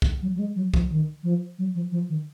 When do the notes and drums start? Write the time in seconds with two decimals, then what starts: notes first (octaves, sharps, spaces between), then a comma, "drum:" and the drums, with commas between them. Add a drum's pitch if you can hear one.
0.02 drum: kick C2
0.22 F#3
0.35 F#3
0.39 G#3
0.56 F#3
0.74 F3, drum: kick C2
0.90 D#3
1.23 F3
1.59 F#3
1.75 F3
1.92 F3
2.09 D#3